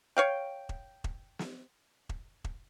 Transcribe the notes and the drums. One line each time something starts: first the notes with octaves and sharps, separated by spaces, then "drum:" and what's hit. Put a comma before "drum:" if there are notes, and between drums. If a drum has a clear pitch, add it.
C#5 F5 G5
drum: kick E1
drum: kick E1
drum: snare
drum: kick E1
drum: kick E1